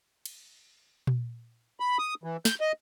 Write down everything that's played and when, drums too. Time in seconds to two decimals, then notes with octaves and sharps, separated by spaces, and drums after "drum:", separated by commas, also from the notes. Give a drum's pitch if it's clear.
0.26 drum: cymbal
1.07 drum: tom A#2
1.80 B5
1.99 D#6
2.24 E3
2.45 G6, drum: snare
2.60 D#5